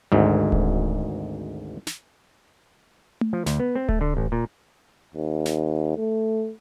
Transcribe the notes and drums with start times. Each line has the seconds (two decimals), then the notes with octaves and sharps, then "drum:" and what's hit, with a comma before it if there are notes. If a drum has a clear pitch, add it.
0.12 G#1 D2 G#2
0.52 drum: kick D1
1.87 drum: snare
3.21 drum: tom A3
3.33 F3
3.46 D2, drum: snare
3.60 B3
3.76 C4
3.89 A3, drum: kick D1
4.01 D3
4.17 A1
4.32 A#2
5.15 D#2
5.46 drum: snare
5.97 A3